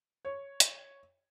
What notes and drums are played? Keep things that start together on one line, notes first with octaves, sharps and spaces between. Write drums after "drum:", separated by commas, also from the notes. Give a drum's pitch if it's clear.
C#5
drum: hi-hat